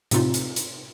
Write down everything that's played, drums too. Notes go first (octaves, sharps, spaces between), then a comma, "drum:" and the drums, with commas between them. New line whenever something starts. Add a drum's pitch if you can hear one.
A2 C3 C4 D#4 F4, drum: hi-hat
drum: hi-hat
drum: hi-hat